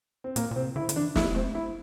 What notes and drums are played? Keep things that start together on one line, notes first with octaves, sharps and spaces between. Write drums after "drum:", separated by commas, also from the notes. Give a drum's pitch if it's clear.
C4
A#2 A#3, drum: hi-hat
A#2
C3 C4
D3 E4
D3, drum: hi-hat
E3 D4
A#3 E4, drum: snare
A3 C4
E4